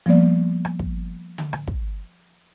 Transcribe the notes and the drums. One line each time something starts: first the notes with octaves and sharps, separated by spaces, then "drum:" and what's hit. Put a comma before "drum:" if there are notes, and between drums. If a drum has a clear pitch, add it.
F3 G3 A#3 B3 D5
drum: rim click
drum: kick
drum: tom D3
drum: rim click
drum: kick